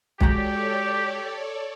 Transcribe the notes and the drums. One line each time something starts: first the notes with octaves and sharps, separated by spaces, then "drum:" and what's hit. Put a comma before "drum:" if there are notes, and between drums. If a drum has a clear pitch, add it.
G#3 F#4 G4 A4 C#5 D5 A#5, drum: kick